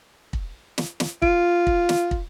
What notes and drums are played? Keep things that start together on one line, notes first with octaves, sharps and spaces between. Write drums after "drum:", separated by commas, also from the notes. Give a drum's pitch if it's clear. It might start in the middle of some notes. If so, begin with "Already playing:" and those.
drum: kick
drum: snare
drum: snare
F4, drum: kick
drum: kick
drum: snare
drum: kick